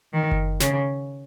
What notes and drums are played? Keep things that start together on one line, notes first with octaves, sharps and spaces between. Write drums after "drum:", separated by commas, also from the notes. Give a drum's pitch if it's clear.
D#3
drum: kick F#1
C#3, drum: snare